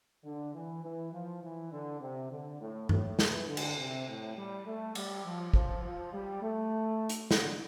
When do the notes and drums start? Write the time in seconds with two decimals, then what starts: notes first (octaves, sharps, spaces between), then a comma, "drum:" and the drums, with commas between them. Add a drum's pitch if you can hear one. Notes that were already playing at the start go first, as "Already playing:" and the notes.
0.24 D3
0.54 E3
0.83 E3
1.12 F3
1.42 E3
1.72 D3
2.01 C3
2.30 D3
2.61 A2
2.89 A2, drum: tom G2
3.19 E3, drum: snare
3.48 D3
3.57 drum: cymbal
3.77 C3
4.08 A2
4.37 G3
4.66 A3
4.95 G3, drum: cymbal
5.25 F3
5.54 F3, drum: kick
5.84 F3
6.13 G3
6.42 A3
7.09 drum: hi-hat
7.31 D3, drum: snare